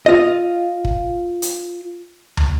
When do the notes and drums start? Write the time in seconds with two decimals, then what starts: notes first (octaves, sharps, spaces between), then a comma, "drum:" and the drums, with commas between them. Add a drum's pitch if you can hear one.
0.06 F4 D#5
0.85 drum: kick
1.42 drum: hi-hat
2.37 drum: tom